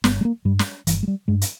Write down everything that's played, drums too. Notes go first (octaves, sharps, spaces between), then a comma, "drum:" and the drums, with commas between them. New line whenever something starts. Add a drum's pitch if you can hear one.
G1 B3, drum: snare
G#3
A#3
G2 G3
drum: snare
G1 E3, drum: hi-hat
G#3
G3
G2 G#3
drum: hi-hat